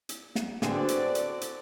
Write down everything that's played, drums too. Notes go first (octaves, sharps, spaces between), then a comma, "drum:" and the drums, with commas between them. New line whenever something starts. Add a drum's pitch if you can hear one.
drum: hi-hat
drum: snare
D3 B3 C4 F#4 G#4 A4 D5, drum: snare
drum: hi-hat
drum: hi-hat
drum: hi-hat